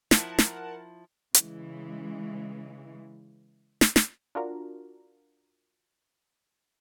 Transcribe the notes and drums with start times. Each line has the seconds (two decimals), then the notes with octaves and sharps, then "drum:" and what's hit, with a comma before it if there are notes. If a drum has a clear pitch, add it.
0.11 F3 E4 A#4 F#5 A5, drum: snare
0.38 drum: snare
1.34 C#3 E3 G#3, drum: hi-hat
3.81 drum: snare
3.96 drum: snare
4.35 D4 F4 F#4 A#4